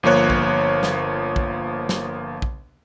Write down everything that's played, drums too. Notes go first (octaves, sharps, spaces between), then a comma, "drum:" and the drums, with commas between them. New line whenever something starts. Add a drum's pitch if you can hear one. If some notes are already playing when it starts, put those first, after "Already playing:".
G1 F3 A#3 C#5 F#6
drum: kick A#1
drum: snare
drum: kick A#1
drum: snare
drum: kick A#1